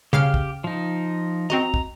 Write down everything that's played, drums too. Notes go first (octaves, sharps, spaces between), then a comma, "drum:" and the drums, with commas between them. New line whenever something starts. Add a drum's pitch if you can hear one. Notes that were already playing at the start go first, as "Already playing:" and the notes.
C#3 G4 F5 F6, drum: tom B2
drum: kick
F3 D#4
C4 F#4 D#5 A#5, drum: tom
drum: kick